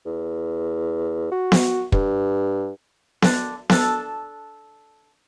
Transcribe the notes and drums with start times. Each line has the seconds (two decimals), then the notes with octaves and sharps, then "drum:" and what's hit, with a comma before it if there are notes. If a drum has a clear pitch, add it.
0.06 E2
1.32 F#4
1.52 drum: snare B3
1.92 G2, drum: kick
3.22 D3 D4, drum: snare B3
3.70 D4 A4, drum: snare B3